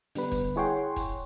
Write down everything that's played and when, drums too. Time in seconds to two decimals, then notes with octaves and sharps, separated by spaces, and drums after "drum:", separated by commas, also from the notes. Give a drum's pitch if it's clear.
0.15 D3 G3 B3 B4, drum: hi-hat
0.32 drum: kick, hi-hat
0.56 E4 G#4 C#5 F#5 G5 C6
0.96 drum: kick, hi-hat